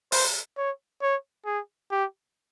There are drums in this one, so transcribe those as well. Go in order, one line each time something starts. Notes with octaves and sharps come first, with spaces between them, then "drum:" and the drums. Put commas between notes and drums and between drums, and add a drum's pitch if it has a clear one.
C5, drum: open hi-hat
C#5
C#5
G#4
G4